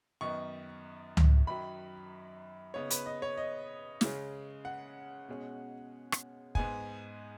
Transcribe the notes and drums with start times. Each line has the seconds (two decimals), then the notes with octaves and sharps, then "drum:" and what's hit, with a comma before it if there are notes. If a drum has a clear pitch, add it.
0.21 F#2 D#3 B3 D#4 C#6
1.17 drum: tom C#2
1.47 F#2 D#3 F#3 B5
2.74 C#3 B3 D#4 C#5
2.90 B4, drum: hi-hat
3.06 D#5
3.22 C#5
3.37 D#5
4.01 C#3 G#3 C#4, drum: snare
4.65 F#5
5.28 B2 G#3 C#4
6.12 drum: rim click
6.55 G#2 G#3 B3 D#4 G#5, drum: kick